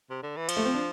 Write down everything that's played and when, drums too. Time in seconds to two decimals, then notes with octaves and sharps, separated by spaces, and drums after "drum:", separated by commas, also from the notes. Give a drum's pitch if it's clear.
0.10 C3
0.23 D3
0.36 E3
0.49 F3, drum: cymbal
0.57 A3
0.65 C4
0.74 D4